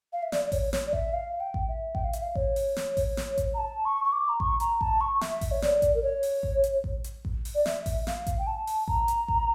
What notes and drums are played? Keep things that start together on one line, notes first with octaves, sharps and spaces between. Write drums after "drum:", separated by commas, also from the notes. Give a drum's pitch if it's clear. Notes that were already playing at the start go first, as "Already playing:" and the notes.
F5
E5
D5, drum: snare
D5
C#5, drum: kick A1, open hi-hat
drum: snare
D5
E5, drum: kick A1
F5
G5
drum: kick A1
E5
G5, drum: kick A1
F5
E5, drum: hi-hat
F5
C#5, drum: kick A1
drum: open hi-hat
drum: snare
drum: kick A1, open hi-hat
drum: snare
drum: kick A1, hi-hat
A#5
A5
C#6
C#6
D6
A#5
C#6, drum: kick A1
A#5, drum: hi-hat
A5, drum: kick A1
C#6
E5, drum: snare
drum: kick A1, open hi-hat
C#5
D5, drum: snare
drum: kick A1, hi-hat
A#4
C#5
drum: open hi-hat
drum: kick A1
drum: hi-hat
drum: kick A1
drum: hi-hat
drum: kick A1
drum: open hi-hat
D5
E5, drum: snare
drum: kick A1, open hi-hat
F5, drum: snare
drum: kick A1, hi-hat
G5
A5
drum: open hi-hat
A#5, drum: kick A1
drum: hi-hat
drum: kick A1